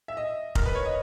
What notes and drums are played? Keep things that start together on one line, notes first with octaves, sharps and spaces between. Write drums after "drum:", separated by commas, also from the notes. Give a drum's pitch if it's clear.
E5
D#5
A#4, drum: kick F1
B4
C#5
D#5